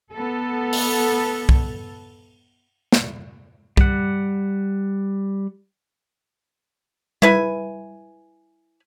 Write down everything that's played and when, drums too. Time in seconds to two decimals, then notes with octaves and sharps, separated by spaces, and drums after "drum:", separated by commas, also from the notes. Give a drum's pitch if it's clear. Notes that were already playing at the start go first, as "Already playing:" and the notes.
0.13 B3 A4
0.73 drum: open hi-hat
1.49 drum: kick
2.92 drum: snare
3.77 G3 F#5, drum: kick
7.22 E4 B4 G#5, drum: tom G3